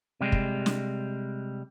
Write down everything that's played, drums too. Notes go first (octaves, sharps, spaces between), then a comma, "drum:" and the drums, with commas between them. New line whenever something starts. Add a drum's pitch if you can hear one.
C3 G3 G#3
drum: kick
drum: snare